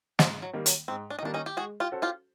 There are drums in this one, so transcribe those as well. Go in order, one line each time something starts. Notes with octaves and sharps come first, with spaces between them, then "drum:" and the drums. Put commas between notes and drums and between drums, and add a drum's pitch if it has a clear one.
G#2 F3, drum: snare
F#3
D#3 G3 A#3
F#3, drum: hi-hat
G#2 C4
D4
D#4
D#3 G3 A#3 D4
C#4 D#4
G4
G#3 F#4 G#4
F4 G4
C#4 F#4 A4 C5
F4 G4